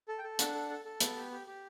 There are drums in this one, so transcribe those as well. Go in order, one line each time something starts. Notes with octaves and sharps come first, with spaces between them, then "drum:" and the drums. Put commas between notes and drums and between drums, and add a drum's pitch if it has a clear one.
A4
G5
A4
D4 F#5, drum: hi-hat
A4
A4
A4
B3, drum: hi-hat
G4
G4
G4